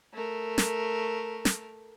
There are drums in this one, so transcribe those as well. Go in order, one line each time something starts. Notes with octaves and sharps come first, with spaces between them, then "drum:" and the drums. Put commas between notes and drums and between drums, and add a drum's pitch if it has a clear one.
A3 A#4
drum: snare
drum: snare